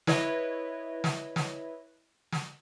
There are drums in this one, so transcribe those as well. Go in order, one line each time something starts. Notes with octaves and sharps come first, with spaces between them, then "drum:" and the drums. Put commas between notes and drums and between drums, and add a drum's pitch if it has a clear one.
E4 B4 C#5 D#5 E5, drum: snare
drum: snare
drum: snare
drum: snare